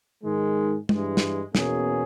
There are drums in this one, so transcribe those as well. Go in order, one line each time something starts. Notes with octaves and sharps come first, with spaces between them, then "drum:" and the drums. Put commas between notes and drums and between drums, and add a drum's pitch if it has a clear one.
G#2 D#3 G#3
G2 E3 G#3, drum: tom
drum: snare
E2 B2 A#3 C#4 G#4, drum: snare